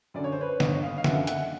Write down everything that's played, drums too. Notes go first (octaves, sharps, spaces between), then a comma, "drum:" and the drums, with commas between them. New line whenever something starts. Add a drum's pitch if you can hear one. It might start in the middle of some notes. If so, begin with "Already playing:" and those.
F#2 D3 D5
C#5
C5
B4 C#5
G1 C#5 D#5, drum: snare D3
D#5 F5
F5
F#2 D3 E5 F#5, drum: snare D3
E5 F#5, drum: hi-hat